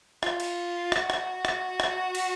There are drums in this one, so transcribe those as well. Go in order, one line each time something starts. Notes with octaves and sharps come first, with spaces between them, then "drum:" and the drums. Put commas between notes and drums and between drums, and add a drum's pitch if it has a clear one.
F4, drum: rim click
drum: cymbal
F#4, drum: rim click
drum: rim click
drum: rim click
drum: rim click
drum: cymbal